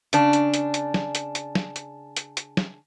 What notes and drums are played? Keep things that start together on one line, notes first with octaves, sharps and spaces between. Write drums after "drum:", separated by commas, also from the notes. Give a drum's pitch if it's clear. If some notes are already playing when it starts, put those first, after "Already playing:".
C#3 D4, drum: hi-hat
drum: hi-hat
drum: hi-hat
drum: hi-hat
drum: snare
drum: hi-hat
drum: hi-hat
drum: snare
drum: hi-hat
drum: hi-hat
drum: hi-hat
drum: snare